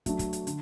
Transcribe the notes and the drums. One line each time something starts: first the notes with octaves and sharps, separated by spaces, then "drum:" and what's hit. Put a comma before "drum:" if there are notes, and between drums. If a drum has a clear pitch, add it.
F#3 A3 D4, drum: kick, hi-hat
drum: kick, hi-hat
drum: hi-hat
D3, drum: hi-hat